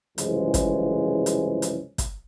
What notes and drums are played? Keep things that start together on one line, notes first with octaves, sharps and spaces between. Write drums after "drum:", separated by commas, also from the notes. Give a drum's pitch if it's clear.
C2 F#2 C#3 E3 F3 G#3, drum: hi-hat
drum: kick, hi-hat
drum: hi-hat
drum: hi-hat
drum: kick, hi-hat